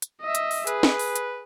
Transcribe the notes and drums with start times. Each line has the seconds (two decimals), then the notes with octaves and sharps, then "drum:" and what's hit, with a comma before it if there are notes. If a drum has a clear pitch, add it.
0.02 drum: hi-hat
0.22 D#5 E5
0.35 drum: hi-hat
0.51 drum: open hi-hat
0.67 G#4 B4, drum: hi-hat
0.83 drum: snare
0.99 drum: open hi-hat
1.16 drum: hi-hat